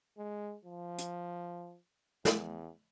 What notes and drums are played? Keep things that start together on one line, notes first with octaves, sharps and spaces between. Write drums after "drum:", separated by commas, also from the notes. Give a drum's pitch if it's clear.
G#3
F3
drum: hi-hat
E2, drum: snare